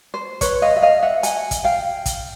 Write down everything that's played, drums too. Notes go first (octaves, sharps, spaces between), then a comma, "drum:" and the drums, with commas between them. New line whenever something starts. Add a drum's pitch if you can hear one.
C5
B4 C#5, drum: kick, hi-hat
D#5 F5
E5
D#5 F5
E5 F#5
F#5 G#5, drum: hi-hat
drum: kick, hi-hat
F5 G5
drum: kick, hi-hat